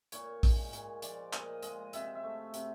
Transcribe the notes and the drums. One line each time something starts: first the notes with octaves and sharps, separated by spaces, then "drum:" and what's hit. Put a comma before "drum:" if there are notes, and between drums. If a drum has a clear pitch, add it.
A#2 C#5, drum: hi-hat
G#3, drum: kick A#1, open hi-hat
A#2, drum: hi-hat
F3 D5, drum: hi-hat
A#2 D#5, drum: clap
G#3 D#5, drum: hi-hat
C3 E5, drum: hi-hat
E5
A3
C3, drum: hi-hat